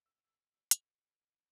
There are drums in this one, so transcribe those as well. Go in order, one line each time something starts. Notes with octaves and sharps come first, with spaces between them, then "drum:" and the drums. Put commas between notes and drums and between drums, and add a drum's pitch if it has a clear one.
E6
drum: hi-hat